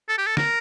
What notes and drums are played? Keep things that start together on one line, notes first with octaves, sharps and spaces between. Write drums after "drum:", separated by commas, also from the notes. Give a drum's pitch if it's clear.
A4
G4
A4
A#4, drum: snare